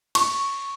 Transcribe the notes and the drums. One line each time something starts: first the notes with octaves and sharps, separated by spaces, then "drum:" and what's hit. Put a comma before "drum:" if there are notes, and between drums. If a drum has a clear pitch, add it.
C#6, drum: cymbal